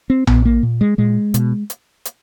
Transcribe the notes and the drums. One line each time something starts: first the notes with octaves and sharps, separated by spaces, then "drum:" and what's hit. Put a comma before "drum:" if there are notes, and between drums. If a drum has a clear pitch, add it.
C4
A#2 B3, drum: tom A#1
A#3
A#2
G#3
A#2 G#3
B2, drum: hi-hat
drum: hi-hat
drum: hi-hat